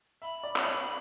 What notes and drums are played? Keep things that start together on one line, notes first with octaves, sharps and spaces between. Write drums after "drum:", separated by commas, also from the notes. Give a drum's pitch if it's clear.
E5 B5
D5
C#5, drum: clap
D5